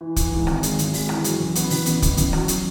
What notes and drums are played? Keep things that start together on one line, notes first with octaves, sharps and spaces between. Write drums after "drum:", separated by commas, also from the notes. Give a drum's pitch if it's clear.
E3
E3, drum: kick, hi-hat
G#2
G#1, drum: rim click
G#3, drum: hi-hat
G#1, drum: hi-hat
G#3, drum: open hi-hat
E3, drum: rim click
F#3, drum: hi-hat
A1
B3, drum: hi-hat
A1, drum: open hi-hat
B3, drum: hi-hat
A1, drum: kick, hi-hat
A1, drum: hi-hat
F#3, drum: rim click
drum: hi-hat